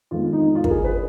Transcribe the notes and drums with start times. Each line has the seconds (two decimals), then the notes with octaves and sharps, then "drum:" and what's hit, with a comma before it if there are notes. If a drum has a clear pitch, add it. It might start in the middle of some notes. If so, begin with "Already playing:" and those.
0.11 F2 D#3 G#3 B3 F4
0.33 D#4
0.55 F4
0.64 A#4, drum: kick
0.70 G#4
0.84 B4